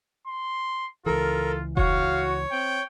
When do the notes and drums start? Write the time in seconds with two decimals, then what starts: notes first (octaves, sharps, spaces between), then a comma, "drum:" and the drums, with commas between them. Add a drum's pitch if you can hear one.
0.27 C6
1.06 C#2 E3 F4 A4 A#4
1.77 F#4 C#5 F5, drum: kick E1
2.52 C4 G5